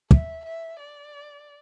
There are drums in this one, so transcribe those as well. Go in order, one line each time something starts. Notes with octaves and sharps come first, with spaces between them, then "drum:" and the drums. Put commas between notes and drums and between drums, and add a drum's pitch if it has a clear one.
E5, drum: kick
E5
D5